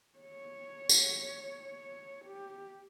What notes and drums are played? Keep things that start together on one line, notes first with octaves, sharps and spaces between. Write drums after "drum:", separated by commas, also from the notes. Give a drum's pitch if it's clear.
C#5
drum: tambourine
G4